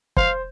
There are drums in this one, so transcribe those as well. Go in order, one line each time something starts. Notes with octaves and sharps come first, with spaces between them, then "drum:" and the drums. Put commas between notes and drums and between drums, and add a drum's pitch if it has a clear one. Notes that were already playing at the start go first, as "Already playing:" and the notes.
C5 F5, drum: kick